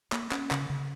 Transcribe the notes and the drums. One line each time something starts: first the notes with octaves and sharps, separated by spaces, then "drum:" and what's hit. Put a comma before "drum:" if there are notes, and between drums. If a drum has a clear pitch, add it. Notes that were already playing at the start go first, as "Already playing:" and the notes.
A#3, drum: clap
C#4, drum: clap
C#3, drum: clap
C#3